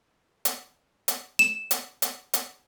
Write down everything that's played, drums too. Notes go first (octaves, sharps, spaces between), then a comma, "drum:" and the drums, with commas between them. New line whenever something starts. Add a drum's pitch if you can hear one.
drum: hi-hat
drum: hi-hat
E7
drum: hi-hat
drum: hi-hat
drum: hi-hat